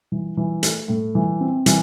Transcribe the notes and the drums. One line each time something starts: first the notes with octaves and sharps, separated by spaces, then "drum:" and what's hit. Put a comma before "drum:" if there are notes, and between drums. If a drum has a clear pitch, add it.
E3
E3
A3, drum: hi-hat
A2
E3
C4
E3, drum: hi-hat